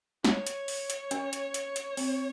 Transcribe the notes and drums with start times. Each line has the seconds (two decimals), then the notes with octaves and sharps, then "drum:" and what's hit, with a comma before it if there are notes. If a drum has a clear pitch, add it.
0.24 C#5, drum: snare
0.47 drum: hi-hat
0.68 drum: open hi-hat
0.90 drum: hi-hat
1.11 C#4, drum: hi-hat
1.33 drum: hi-hat
1.54 drum: hi-hat
1.76 drum: hi-hat
1.97 C4, drum: open hi-hat